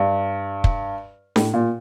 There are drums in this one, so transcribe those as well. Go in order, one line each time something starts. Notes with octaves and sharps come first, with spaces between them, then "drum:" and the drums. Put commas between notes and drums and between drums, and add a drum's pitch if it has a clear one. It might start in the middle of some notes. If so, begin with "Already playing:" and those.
Already playing: G2
drum: kick
A2, drum: snare D4
A#2